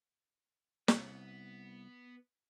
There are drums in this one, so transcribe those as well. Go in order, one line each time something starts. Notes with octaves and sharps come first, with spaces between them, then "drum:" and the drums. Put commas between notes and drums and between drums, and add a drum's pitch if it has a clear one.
C2 B3, drum: snare